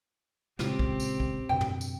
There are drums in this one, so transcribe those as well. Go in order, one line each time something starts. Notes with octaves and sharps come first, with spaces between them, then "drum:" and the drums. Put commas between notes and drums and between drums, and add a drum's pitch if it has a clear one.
A#2 C#3 G#3 C4 F4 G4, drum: snare
drum: kick
drum: tambourine
drum: kick
F#2 B2 D3 G5
drum: tom
drum: tambourine